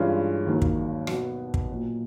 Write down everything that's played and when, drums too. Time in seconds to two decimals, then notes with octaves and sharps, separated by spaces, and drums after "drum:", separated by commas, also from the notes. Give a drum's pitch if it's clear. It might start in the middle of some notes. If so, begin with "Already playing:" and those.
Already playing: G2 E3 G#3 C#4 F4
0.46 D#2 D#3 F#3 A#3
0.62 drum: kick
1.07 B2 F#3 B3, drum: rim click
1.54 drum: kick
1.69 A#2 F#3 A#3